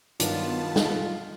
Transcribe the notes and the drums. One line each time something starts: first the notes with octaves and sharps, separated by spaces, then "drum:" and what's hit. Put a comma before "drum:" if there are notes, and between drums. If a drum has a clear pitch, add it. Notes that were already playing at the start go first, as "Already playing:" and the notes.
G2 D#3 F#3 B3 D4 F4 A5, drum: hi-hat
drum: snare